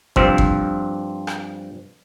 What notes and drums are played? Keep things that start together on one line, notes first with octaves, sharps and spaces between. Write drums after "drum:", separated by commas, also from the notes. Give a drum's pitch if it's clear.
G2 F3 C4, drum: kick
drum: kick
drum: rim click